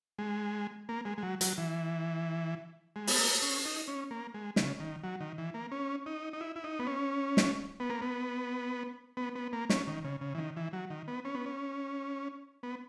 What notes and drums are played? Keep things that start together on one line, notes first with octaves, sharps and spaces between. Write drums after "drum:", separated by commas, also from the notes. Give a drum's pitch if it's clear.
G#3
A#3
G#3
G#3
F#3
F#3, drum: hi-hat
E3
G#3
B3, drum: open hi-hat
A#3
C#4
D#4
C#4
A#3
G#3
C#3, drum: snare
D#3
F#3
D#3
E3
A#3
C#4
D#4
D#4
E4
E4
D#4
B3
C#4
drum: snare
B3
A#3
B3
B3
B3
A#3
C#4, drum: snare
D#3
C#3
C#3
E3
D#3
E3
F#3
D#3
B3
C#4
B3
C#4
B3